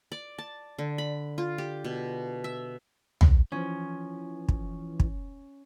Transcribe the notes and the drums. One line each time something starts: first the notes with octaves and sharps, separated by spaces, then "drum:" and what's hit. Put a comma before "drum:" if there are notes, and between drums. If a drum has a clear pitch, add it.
D5
A5
D3
B5
F4
G4
B2
E5
drum: tom
E3 F3 C#4
drum: kick
drum: kick